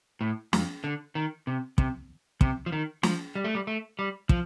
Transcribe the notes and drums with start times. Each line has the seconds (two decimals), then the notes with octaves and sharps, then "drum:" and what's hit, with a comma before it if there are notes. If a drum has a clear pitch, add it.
0.21 A2
0.53 F2, drum: snare
0.84 D3
1.15 D#3
1.47 C3
1.78 C3, drum: kick
2.41 C3, drum: kick
2.66 F3
2.72 D#3
3.03 F3, drum: snare
3.35 G3
3.44 A3
3.55 G3
3.67 A3
3.99 G3
4.29 F3, drum: kick